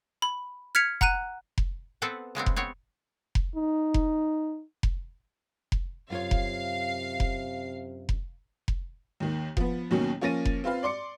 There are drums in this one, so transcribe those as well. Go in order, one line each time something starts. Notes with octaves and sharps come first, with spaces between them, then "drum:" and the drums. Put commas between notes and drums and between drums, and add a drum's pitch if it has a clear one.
B5
F6 G#6 B6 C#7 F7
F#5 A#5 F#6 D#7, drum: kick F1
drum: kick F1
B3 C4 A4 B4 F#5
C#3 G#3 B3 C4
drum: kick F1
B3 C4 C#5
drum: kick F1
D#4
drum: kick F1
drum: kick F1
drum: kick F1
F#2 C3 F4 C#5 F5 C7
drum: kick F1
drum: kick F1
drum: kick F1
drum: kick F1
D#2 D#3
F3 B3, drum: kick F1
D#2 B2 D#3 F#3 C#4
F3 A#3 C#4 A6 A#6 D#7
drum: kick F1
C4 F4 B4 F5
D5 C6 D6 C#7